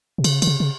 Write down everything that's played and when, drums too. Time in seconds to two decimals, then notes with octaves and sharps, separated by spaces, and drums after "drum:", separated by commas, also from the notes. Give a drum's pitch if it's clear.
0.18 B2
0.24 C#3, drum: cymbal
0.42 D3, drum: cymbal
0.47 C#3
0.60 C#3